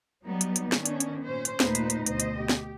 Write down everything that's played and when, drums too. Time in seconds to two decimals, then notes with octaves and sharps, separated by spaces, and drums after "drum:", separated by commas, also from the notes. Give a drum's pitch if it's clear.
0.23 F#3 G3 B3 D#4
0.41 drum: hi-hat
0.56 drum: hi-hat
0.72 D#3 B3 C#4 D4, drum: snare
0.86 drum: hi-hat
1.00 drum: hi-hat
1.22 A#2 C#4 C5
1.45 drum: hi-hat
1.60 D#2 A#2 A3 D#4 B4 C5, drum: snare
1.75 drum: hi-hat
1.90 drum: hi-hat
2.06 D2 B2 C5 D#5, drum: hi-hat
2.20 drum: hi-hat
2.39 G4
2.49 drum: snare